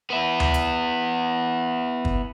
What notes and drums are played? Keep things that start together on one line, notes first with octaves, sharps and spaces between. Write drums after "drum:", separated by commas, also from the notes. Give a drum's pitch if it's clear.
B3 E4
drum: tom D2
drum: hi-hat
drum: kick